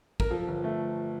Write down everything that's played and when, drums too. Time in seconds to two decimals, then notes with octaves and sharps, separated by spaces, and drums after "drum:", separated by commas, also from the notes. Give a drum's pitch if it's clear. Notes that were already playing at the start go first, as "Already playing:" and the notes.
0.20 A#4, drum: kick
0.30 F3 A4
0.48 G1
0.64 A3